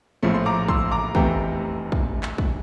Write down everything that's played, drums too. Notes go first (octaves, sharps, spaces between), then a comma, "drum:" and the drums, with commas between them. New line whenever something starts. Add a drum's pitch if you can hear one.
A#1 A2 F3 A3
C6
A#5 D6
C6 E6, drum: kick
A#5 D6
F1 E2 C3 E3 A3 G5 A#5, drum: kick
drum: kick
drum: clap
drum: kick